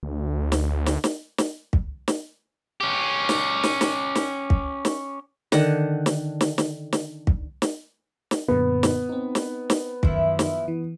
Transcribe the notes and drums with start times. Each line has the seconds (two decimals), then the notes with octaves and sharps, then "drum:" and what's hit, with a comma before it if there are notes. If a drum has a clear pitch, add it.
0.03 D2
0.52 drum: snare
0.86 drum: snare
1.04 drum: snare
1.38 drum: snare
1.73 drum: kick
2.08 drum: snare
2.81 C#4 G4
3.29 drum: snare
3.63 drum: snare
3.81 drum: snare
4.15 drum: snare
4.50 drum: kick
4.85 drum: snare
5.52 D3 D#3 F#5, drum: snare
6.06 drum: snare
6.41 drum: snare
6.58 drum: snare
6.93 drum: snare
7.27 drum: kick
7.62 drum: snare
8.31 drum: snare
8.48 F#2 A#2 D3 B3
8.83 drum: snare
9.09 C4 D#4
9.35 drum: snare
9.70 drum: snare
10.03 F#2 D#3 F3 E4, drum: kick
10.39 drum: snare
10.68 E3